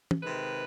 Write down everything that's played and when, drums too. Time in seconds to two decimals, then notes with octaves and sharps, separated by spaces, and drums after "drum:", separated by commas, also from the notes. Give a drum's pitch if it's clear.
0.11 drum: tom
0.21 C3 D#3 G#3 B4